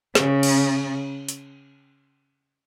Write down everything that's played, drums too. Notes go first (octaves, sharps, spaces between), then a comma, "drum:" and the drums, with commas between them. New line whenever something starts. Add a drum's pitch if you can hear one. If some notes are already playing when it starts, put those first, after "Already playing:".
C#3, drum: snare
drum: cymbal
drum: hi-hat